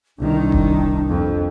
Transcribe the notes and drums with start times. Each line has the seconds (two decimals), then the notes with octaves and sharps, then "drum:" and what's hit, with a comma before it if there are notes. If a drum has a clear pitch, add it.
0.19 C2 D#3 D4
0.52 drum: kick F1
1.09 F2